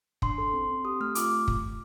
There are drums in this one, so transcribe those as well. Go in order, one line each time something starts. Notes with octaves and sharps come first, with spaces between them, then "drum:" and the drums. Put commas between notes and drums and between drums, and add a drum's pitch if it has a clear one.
D4 C6, drum: kick
A4
C4
C4
G4 D#6
A3 F6
F4 D6, drum: hi-hat
drum: kick